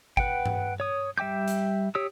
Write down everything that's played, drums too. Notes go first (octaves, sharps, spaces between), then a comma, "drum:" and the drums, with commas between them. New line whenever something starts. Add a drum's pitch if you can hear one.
B4 F#5 G5, drum: kick G#1
drum: tom G2
C#5 D#6
G3 E5 G5 D6 G6
drum: hi-hat
G4 C#5 D#6 E6